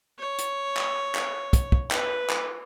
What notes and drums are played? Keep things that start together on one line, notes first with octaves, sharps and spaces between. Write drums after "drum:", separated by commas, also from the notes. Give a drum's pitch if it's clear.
C#5
drum: hi-hat
drum: clap
drum: clap
drum: kick, hi-hat
drum: kick
B4, drum: clap
drum: clap